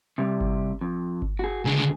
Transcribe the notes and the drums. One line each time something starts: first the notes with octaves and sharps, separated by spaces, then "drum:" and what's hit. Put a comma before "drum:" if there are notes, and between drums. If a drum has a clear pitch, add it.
C3 G3
drum: kick G1
F2
drum: kick G1
F#4 G#4
C#2 D3 G#4